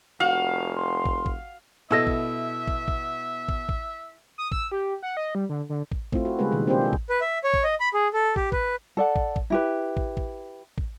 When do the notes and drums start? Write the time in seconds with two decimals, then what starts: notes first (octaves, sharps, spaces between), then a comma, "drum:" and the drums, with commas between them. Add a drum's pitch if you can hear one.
0.20 F1 F#4 F5
0.77 C6
1.05 drum: kick
1.26 drum: kick
1.91 B2 E4 A4 D#5 E5 E6
2.07 drum: kick
2.67 drum: kick
2.88 drum: kick
3.48 drum: kick
3.69 drum: kick
4.38 D#6
4.52 E6, drum: kick
4.72 G4
5.03 F#5
5.17 D#5
5.35 G3
5.49 D3
5.69 D3
5.92 drum: kick
6.12 A3 C4 E4 F4, drum: kick
6.25 F#4
6.39 C#3 G3 G#3 A#3 G#4 B4
6.51 B2 D#3 G3
6.67 A#3 C4 D4 F4 G4 C5
6.81 E4 G#4
6.93 drum: kick
7.10 B4
7.21 E5
7.44 C#5
7.54 drum: kick
7.64 D#5
7.80 B5
7.94 G#4
8.14 A4
8.36 G4, drum: kick
8.52 B4, drum: kick
8.97 A4 D5 F#5
9.16 drum: kick
9.36 drum: kick
9.50 E4 G4 B4
9.97 drum: kick
10.17 drum: kick
10.78 drum: kick